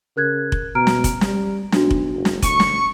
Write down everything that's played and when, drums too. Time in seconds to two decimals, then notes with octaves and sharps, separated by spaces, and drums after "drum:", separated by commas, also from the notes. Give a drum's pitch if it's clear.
0.17 C#3 A#4 F#6 G#6
0.52 drum: kick F1
0.75 B2 A#5 F6 D7
0.87 drum: snare
1.04 drum: kick F1, hi-hat
1.21 G3, drum: snare
1.72 B1 D4 F#4, drum: snare
1.91 drum: kick F1
2.14 F#1
2.25 drum: snare
2.42 D2 C#6 D#7, drum: kick F1, hi-hat
2.60 drum: snare